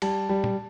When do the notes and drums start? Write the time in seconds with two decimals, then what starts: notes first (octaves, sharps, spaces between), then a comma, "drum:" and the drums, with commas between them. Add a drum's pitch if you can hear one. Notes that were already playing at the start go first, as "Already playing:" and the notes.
0.02 G3 A5, drum: cymbal
0.29 G3
0.44 drum: tom